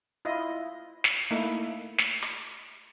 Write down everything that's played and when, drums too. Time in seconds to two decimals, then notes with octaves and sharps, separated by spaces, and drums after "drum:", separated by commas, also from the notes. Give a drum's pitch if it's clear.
0.25 E4 F4 D#5
1.04 drum: snare
1.31 A3 A#3 D#4 E4
1.98 drum: snare
2.23 drum: hi-hat